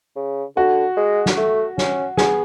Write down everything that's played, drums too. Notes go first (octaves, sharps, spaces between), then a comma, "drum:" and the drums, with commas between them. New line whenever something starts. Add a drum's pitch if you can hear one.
C#3
D3 F#4
G#3
drum: snare
A3
C#4, drum: snare
B3 G#4, drum: snare